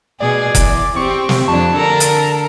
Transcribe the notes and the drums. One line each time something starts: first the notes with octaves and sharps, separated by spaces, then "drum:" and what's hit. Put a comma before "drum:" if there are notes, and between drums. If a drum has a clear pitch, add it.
B2 G#4 D5
E2, drum: kick F1, hi-hat
C4 G4 C#6
drum: snare
F2 D4 A5
D3 A4 A#4
drum: hi-hat